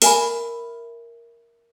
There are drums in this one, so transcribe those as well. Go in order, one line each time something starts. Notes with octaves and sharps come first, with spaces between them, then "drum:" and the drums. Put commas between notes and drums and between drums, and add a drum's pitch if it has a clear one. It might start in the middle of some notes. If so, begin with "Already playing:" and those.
A#4 E5 G#5 B5, drum: open hi-hat